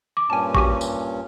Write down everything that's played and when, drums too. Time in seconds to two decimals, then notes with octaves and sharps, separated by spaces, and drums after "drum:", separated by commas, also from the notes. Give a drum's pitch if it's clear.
0.17 D6
0.30 G2 A#2 C#4 G#5 A5
0.55 F#4 G4 G#5, drum: kick
0.81 drum: tambourine